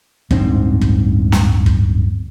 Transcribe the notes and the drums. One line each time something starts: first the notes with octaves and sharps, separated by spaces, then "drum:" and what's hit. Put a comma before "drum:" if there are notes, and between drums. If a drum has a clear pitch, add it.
D1 G1 G#2 C4, drum: kick
drum: kick
drum: snare
drum: kick